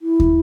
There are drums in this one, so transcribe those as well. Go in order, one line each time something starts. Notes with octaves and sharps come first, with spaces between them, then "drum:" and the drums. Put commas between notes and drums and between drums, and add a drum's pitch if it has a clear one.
E4
drum: kick